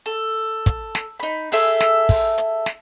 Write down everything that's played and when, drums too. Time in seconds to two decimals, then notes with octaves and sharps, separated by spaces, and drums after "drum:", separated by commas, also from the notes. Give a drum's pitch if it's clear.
0.06 A4
0.66 drum: kick, hi-hat
0.95 drum: snare
1.20 D#4 B5
1.52 G#4 A4 E5, drum: open hi-hat
1.80 drum: snare
2.09 drum: kick, open hi-hat
2.38 drum: hi-hat
2.66 drum: snare